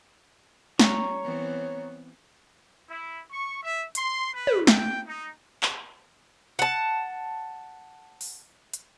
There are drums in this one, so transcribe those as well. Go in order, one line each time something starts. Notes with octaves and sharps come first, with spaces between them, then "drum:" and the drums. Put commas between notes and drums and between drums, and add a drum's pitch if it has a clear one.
G3 C#4 C#5 A#5 C#6, drum: snare
E3 B3 C4
E4
C#6
E5
C6, drum: hi-hat
B4
drum: tom
G5, drum: snare
D#4
drum: clap
F#5 A5
drum: open hi-hat
drum: hi-hat